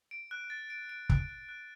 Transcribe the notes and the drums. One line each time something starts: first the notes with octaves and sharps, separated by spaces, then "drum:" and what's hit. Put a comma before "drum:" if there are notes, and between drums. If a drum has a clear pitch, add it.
D7
F#6
A6
D7
D7
F#6, drum: kick
F#6
F#6